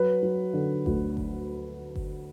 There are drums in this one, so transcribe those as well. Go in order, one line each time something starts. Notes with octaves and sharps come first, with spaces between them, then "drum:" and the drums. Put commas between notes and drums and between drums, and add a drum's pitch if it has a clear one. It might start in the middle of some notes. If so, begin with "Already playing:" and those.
Already playing: F#3 B4
F#3
D3
D2, drum: kick G1
drum: kick G1
drum: kick G1